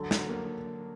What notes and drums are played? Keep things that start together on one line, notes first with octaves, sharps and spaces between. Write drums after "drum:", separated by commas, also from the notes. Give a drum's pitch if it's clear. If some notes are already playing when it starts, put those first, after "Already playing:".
Already playing: D3 F#3 A4
F#3, drum: snare
A#3